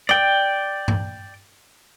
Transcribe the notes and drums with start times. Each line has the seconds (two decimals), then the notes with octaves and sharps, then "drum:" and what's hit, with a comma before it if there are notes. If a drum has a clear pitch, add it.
0.09 D5 G5, drum: rim click
0.88 drum: tom G2